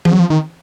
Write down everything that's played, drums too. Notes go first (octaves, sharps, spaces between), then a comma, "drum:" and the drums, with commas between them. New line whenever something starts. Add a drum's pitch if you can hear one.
F3, drum: tom E3
F#3
F3
D#3